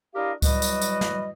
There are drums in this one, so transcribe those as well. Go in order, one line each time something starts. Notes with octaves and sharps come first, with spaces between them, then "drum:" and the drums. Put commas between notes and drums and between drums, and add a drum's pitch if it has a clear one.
D4 E4 G4 A#4 D#5 F5
E3 F#3 G3 F#4 D#5, drum: kick C#2, tambourine
drum: tambourine
drum: tambourine
drum: snare